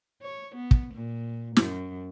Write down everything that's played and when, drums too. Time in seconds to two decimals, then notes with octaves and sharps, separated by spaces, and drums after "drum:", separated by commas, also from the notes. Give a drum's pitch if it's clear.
0.22 C#5
0.55 B3
0.71 drum: kick
0.94 A#2
1.56 F#2, drum: snare